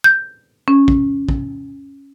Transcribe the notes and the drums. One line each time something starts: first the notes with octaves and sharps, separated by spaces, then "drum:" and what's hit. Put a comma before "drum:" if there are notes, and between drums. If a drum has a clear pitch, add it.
G6
C#4
drum: kick
drum: kick